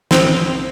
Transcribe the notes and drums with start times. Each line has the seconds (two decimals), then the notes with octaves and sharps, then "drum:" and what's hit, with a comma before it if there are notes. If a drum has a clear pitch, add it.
0.11 C4, drum: snare